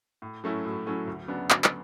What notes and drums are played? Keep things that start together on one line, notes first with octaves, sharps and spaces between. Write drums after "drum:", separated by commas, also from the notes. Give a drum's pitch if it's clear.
A2
F#3 A3 C#4 E4
A2
F#3 A3 C#4 E4
D2
C#3 F#3 B3 D4
D2, drum: clap
drum: clap